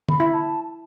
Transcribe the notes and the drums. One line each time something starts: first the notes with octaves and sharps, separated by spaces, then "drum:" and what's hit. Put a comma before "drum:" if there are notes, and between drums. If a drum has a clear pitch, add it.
B5, drum: tom
E4
A5